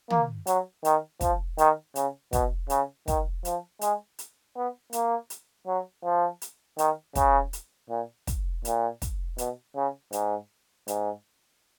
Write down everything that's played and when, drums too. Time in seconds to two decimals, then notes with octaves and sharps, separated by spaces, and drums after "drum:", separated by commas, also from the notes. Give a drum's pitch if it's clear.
0.10 A#3, drum: tom
0.47 F#3, drum: hi-hat
0.85 D#3, drum: hi-hat
1.21 F3, drum: kick, hi-hat
1.58 D#3, drum: hi-hat
1.95 C#3, drum: hi-hat
2.33 B2, drum: kick, hi-hat
2.70 C#3, drum: hi-hat
3.08 D#3, drum: kick, hi-hat
3.45 F3, drum: hi-hat
3.81 G#3, drum: hi-hat
4.19 drum: hi-hat
4.56 B3
4.93 A#3, drum: hi-hat
5.30 drum: hi-hat
5.67 F#3
6.04 F3
6.42 drum: hi-hat
6.78 D#3, drum: hi-hat
7.15 C#3, drum: kick, hi-hat
7.53 drum: hi-hat
7.90 A#2
8.27 drum: kick, hi-hat
8.65 A#2, drum: hi-hat
9.02 drum: kick, hi-hat
9.38 B2, drum: hi-hat
9.76 C#3
10.13 G#2, drum: hi-hat
10.88 G#2, drum: hi-hat